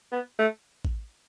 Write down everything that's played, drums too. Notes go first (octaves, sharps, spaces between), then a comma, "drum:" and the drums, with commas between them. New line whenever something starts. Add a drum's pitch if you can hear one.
B3
A3
drum: kick A1